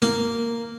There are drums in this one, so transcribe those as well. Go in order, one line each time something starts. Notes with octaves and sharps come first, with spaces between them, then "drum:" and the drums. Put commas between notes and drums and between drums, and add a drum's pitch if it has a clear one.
A#3, drum: snare